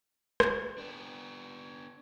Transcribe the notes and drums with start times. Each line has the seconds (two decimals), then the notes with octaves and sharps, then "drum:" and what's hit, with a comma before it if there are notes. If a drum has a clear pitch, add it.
0.40 drum: rim click
0.78 B3 D4